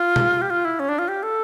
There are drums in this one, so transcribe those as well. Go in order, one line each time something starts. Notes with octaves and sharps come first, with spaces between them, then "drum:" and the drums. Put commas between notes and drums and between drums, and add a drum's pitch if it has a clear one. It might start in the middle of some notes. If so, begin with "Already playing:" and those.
Already playing: F4
drum: tom B2
G4
F4
E4
C#4
D4
F4
G4
A4